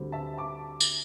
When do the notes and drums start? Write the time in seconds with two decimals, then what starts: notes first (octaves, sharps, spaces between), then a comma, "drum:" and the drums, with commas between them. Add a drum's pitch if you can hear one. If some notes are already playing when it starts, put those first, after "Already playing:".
Already playing: D2 D3 G3 C4
0.12 E5 A5
0.38 A5 D6
0.80 drum: tambourine